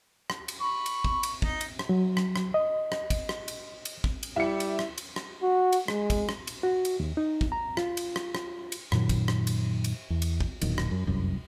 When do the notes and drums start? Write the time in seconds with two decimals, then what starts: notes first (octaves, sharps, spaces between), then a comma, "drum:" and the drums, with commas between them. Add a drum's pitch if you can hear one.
0.30 drum: rim click
0.48 drum: cymbal
0.61 B5 C#6
0.86 drum: cymbal
1.05 drum: kick
1.23 drum: cymbal
1.42 D#4, drum: kick
1.61 drum: cymbal
1.79 drum: rim click
1.89 F#3
2.17 drum: rim click
2.36 drum: rim click
2.54 D#5
2.92 drum: rim click
3.10 drum: kick, cymbal
3.29 drum: rim click
3.48 drum: cymbal
3.85 drum: cymbal
4.04 drum: kick
4.23 drum: cymbal
4.36 G3 E4 C#7
4.60 drum: cymbal
4.79 drum: rim click
4.98 drum: cymbal
5.16 drum: rim click
5.43 F#4
5.73 drum: cymbal
5.88 G#3, drum: rim click
6.10 drum: kick, cymbal
6.29 drum: rim click
6.47 drum: cymbal
6.63 F#4
6.85 drum: cymbal
7.00 D#2
7.17 D#4
7.41 drum: kick
7.52 A#5
7.77 F4, drum: rim click
7.97 drum: cymbal
8.16 drum: rim click
8.35 drum: rim click
8.72 drum: cymbal
8.92 F#2 A#2 D#3 F#3, drum: rim click
9.09 drum: kick, cymbal
9.28 drum: rim click
9.47 drum: cymbal
9.84 drum: cymbal
10.10 E2
10.22 drum: cymbal
10.40 drum: kick
10.62 E1 B1 A#2 D#3, drum: cymbal
10.78 drum: rim click
10.91 F#2
11.07 F1 C2 F#2